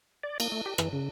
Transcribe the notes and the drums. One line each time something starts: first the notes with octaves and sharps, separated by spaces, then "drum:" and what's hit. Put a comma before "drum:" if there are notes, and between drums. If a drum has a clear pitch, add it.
D5
A#3, drum: cymbal
A3
G4
E3, drum: rim click
C#3